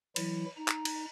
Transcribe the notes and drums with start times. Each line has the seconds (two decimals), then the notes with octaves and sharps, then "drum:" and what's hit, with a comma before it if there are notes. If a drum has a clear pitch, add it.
0.16 E3 F#3 E4, drum: cymbal
0.57 D#4 A#5
0.68 drum: clap
0.85 drum: cymbal